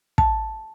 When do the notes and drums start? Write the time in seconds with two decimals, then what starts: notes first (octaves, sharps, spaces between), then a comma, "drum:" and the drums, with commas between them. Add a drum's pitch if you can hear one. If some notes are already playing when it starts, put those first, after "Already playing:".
0.18 A5, drum: kick